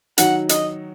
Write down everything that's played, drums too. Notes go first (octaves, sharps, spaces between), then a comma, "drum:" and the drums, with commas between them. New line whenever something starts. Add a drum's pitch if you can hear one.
D#3 F#3 D#4 F#4 F#5, drum: hi-hat
D#5, drum: hi-hat